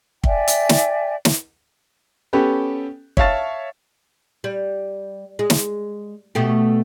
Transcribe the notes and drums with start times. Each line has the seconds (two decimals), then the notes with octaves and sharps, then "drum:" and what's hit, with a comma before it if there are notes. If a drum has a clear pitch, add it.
0.24 D5 E5 G5 G#5, drum: kick
0.48 drum: hi-hat
0.69 drum: snare
1.25 drum: snare
2.33 B3 C#4 G4 A4 B4
3.17 C#5 E5 F5 A5 A6, drum: kick
4.44 G3
5.39 G#3
5.50 drum: snare
6.35 B2 A3 G4